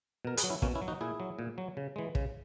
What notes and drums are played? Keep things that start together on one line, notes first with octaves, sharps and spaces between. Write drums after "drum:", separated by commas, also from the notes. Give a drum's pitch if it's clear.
B2 A#4
G#4 B4, drum: hi-hat
F#3
C#4 E4
B2 A#3 C#4, drum: kick
C#4 E4
F#3
D#4 F#4
A#2 E4 G#4
F#3
A#2
F#3
C#3
E3 G#3
C#3, drum: kick